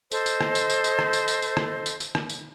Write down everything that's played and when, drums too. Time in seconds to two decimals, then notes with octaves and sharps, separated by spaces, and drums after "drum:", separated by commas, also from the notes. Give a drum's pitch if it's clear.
0.11 A4 C5 D#5, drum: tambourine
0.26 drum: tambourine
0.41 drum: rim click
0.55 drum: tambourine
0.70 drum: tambourine
0.84 drum: tambourine
0.99 drum: rim click
1.13 drum: tambourine
1.28 drum: tambourine
1.42 drum: tambourine
1.57 drum: rim click
1.86 drum: tambourine
2.00 drum: tambourine
2.15 drum: rim click
2.29 drum: tambourine